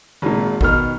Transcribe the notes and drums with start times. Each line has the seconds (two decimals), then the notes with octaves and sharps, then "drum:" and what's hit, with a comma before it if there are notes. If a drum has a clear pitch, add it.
0.22 G#1 A#2
0.61 B2 D#3 F6, drum: kick